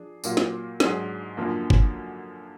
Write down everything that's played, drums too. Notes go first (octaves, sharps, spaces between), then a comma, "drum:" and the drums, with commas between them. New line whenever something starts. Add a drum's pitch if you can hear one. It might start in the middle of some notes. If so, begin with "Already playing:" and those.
Already playing: F3 D4 G#4
A#2 F#3 A#3 F4, drum: tambourine
drum: snare
G#2 F#3 D4 G#4, drum: snare
F#2 D3 F3 A#3
drum: kick